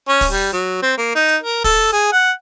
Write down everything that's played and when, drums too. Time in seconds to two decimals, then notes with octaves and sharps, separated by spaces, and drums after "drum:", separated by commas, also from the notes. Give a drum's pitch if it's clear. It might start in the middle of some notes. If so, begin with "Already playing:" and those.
0.08 C#4
0.21 drum: kick, open hi-hat
0.31 G3
0.53 F#3
0.82 C4
0.97 A#3
1.15 D#4
1.28 drum: hi-hat
1.43 A#4
1.64 A4, drum: kick, open hi-hat
1.93 G#4
2.12 F#5